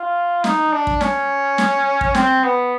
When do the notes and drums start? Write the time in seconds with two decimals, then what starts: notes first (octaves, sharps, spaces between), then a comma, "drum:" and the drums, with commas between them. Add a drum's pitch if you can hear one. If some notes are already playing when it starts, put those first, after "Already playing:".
Already playing: F4
0.44 D#4, drum: snare
0.73 D4
0.87 drum: kick
1.01 C#4, drum: snare
1.58 drum: snare
2.01 drum: kick
2.15 C4, drum: snare
2.44 B3